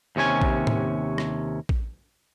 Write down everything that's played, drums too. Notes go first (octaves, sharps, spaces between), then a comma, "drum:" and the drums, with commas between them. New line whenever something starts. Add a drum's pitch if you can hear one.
D#2 C3 C#4 C#5 G#5
drum: kick
drum: tom A2
drum: rim click
drum: kick